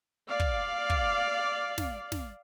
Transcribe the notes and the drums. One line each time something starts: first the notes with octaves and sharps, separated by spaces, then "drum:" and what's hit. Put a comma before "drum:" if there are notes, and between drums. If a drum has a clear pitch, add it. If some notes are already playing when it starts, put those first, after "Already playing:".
D5 F5
drum: kick
drum: kick
drum: snare
drum: snare